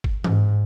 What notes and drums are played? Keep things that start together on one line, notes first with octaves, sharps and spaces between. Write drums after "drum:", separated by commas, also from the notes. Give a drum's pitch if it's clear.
drum: kick G1
G#2, drum: tom E3